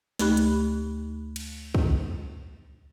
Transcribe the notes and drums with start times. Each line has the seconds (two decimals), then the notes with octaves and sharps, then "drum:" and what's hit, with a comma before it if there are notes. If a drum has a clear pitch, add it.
0.19 D2 A3 D#4 G4 B5 F#6, drum: snare
0.37 drum: hi-hat
1.36 drum: cymbal
1.75 drum: kick